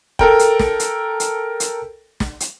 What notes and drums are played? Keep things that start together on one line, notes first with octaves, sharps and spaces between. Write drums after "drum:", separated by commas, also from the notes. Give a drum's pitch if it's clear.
A4 A#4 G5, drum: kick F1
drum: hi-hat
drum: snare
drum: hi-hat
drum: hi-hat
drum: hi-hat
drum: snare
drum: hi-hat